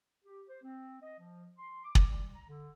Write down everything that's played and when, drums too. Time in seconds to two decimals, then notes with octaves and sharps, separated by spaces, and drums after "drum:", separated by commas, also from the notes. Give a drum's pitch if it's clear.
0.25 G4
0.49 C5
0.63 C4
1.02 D#5
1.19 F3
1.59 C6
1.85 D6
1.95 drum: kick
2.09 G3
2.35 A#5
2.48 D3